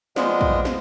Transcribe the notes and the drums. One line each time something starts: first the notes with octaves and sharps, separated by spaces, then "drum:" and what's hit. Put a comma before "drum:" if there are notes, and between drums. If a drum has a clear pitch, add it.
F3 G#3 B3 D4 D#5, drum: snare
drum: kick
drum: snare